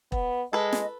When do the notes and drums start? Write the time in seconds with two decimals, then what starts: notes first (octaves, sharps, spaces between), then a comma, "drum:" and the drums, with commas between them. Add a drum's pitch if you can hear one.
0.12 B3, drum: kick E1
0.53 G#3 A4 B4 D#5
0.73 drum: snare